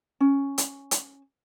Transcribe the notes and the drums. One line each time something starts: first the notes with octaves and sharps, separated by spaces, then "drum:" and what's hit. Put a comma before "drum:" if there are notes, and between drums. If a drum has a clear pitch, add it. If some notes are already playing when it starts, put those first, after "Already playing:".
C#4
drum: hi-hat
drum: hi-hat